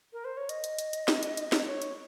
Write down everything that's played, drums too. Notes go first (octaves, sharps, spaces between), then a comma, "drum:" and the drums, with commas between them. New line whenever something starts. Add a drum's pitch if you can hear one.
A#4
C5
C#5
D#5, drum: hi-hat
drum: hi-hat
drum: hi-hat
drum: hi-hat
drum: snare
drum: hi-hat
drum: hi-hat
drum: snare
C#5
drum: hi-hat